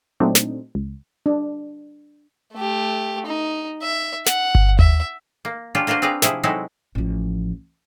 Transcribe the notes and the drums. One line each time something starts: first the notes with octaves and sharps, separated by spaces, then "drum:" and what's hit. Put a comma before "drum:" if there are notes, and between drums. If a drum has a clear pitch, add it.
A#2 F#3 A3 C4 D4 D#4
drum: snare
C#2
D4
A3 G4
D#4
E5
F#5, drum: snare
drum: kick G1
E5, drum: tom D#2
A#3
C#4 D4 F4 G4
A#3 D4 F4 F#4 C5
C4 D4 G#4 B4 F5 A#5
C3 F3 E4 G#4, drum: snare
F#3 G#3 C4 D#4 E4 A4
A1 F3